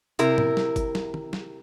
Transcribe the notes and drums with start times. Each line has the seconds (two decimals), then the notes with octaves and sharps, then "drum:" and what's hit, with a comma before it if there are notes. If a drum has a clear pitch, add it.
0.19 C3 E4 A#4, drum: hi-hat
0.38 drum: tom A2
0.57 drum: snare
0.76 drum: kick, hi-hat
0.95 drum: snare
1.14 drum: tom
1.33 drum: snare